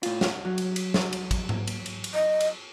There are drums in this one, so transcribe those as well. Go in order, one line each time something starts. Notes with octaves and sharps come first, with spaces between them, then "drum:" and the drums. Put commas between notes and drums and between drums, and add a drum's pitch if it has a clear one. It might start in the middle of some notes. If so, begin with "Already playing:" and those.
A2 F4, drum: cymbal
drum: snare
F#3
drum: cymbal
drum: cymbal
drum: snare
drum: cymbal
drum: kick, cymbal
drum: tom G#2
drum: cymbal
drum: cymbal
drum: cymbal
D#5
drum: cymbal